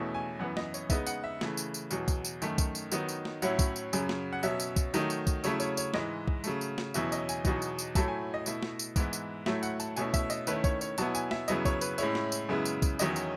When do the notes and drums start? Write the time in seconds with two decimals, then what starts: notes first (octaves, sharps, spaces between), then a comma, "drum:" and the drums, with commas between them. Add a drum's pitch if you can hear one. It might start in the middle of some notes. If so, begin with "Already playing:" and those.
Already playing: E2 B2 A3 C#4 E4
0.14 G#5
0.39 F#2 E3 B3 F#5
0.57 D#5, drum: snare
0.74 C#5, drum: tambourine
0.90 C#3 G#3 B3 D#4 E5, drum: kick C2, tambourine
1.07 F#5, drum: tambourine
1.24 E5
1.41 C#3 E3 A3, drum: snare
1.57 drum: tambourine
1.74 drum: tambourine
1.91 E2 B2 F#3, drum: tambourine
2.08 drum: kick C2, tambourine
2.25 drum: tambourine
2.42 F#2 D#3 A3, drum: tambourine
2.58 drum: kick C2, tambourine
2.75 drum: tambourine
2.92 D#3 F#3 B3 D#4, drum: tambourine
3.09 drum: tambourine
3.25 drum: snare
3.42 A2 F#3 C#4 E4 F#5, drum: tambourine
3.59 drum: kick C2, tambourine
3.76 drum: tambourine
3.93 F#2 C#3 F#3, drum: tambourine
4.09 drum: snare
4.33 F#5
4.43 B2 F#3 C#4 E5, drum: tambourine
4.60 drum: tambourine
4.76 drum: kick C2, tambourine
4.94 D#3 F#3 A3 D#4, drum: tambourine
5.10 drum: tambourine
5.27 drum: kick C2, tambourine
5.44 C#3 F#3 A3 E4 C#5, drum: tambourine
5.60 C#5, drum: tambourine
5.77 C#5, drum: tambourine
5.94 G#2 E3 G#3 D#5, drum: snare
6.28 drum: kick C2
6.44 C#3 F#3 A3, drum: tambourine
6.61 drum: tambourine
6.78 drum: snare
6.94 E2 B2 F#3 C#4 E4 E5, drum: tambourine
7.12 D#5, drum: tambourine
7.29 G#5, drum: tambourine
7.45 E2 B2 F#3 B3 D#4, drum: kick C2, tambourine
7.62 drum: tambourine
7.79 drum: tambourine
7.95 A2 F#3 A3 E4 A5, drum: kick C2, tambourine
8.08 G#5
8.34 D#5
8.46 B2 A3 E4, drum: tambourine
8.63 drum: snare
8.79 drum: tambourine
8.96 G#2 E3 B3 E4, drum: kick C2, tambourine
9.13 drum: tambourine
9.46 A2 F#3 A3 E4 E5, drum: snare
9.63 F#5, drum: tambourine
9.80 A5, drum: tambourine
9.96 B2 A3 C#4 E4 G#5, drum: tambourine
10.14 E5, drum: kick C2, tambourine
10.30 D#5, drum: tambourine
10.47 D#3 A3 C#4 E4 B4, drum: tambourine
10.64 C#5, drum: kick C2, tambourine
10.81 C#5, drum: tambourine
10.98 B2 F#3 B3 E4 A5, drum: tambourine
11.15 G#5, drum: tambourine
11.31 E5, drum: snare
11.48 F#2 C#3 F#3 B3 E4 D#5, drum: tambourine
11.65 C#5, drum: kick C2, tambourine
11.81 B4, drum: tambourine
11.98 A2 G#3 C#4 E4 C#5, drum: tambourine
12.15 drum: snare
12.32 drum: tambourine
12.49 F#2 C#3 G#3 B3 E4
12.65 drum: tambourine
12.82 drum: kick C2, tambourine
12.99 E2 D#3 F#3 C#4 E4 D#5, drum: tambourine
13.16 drum: tambourine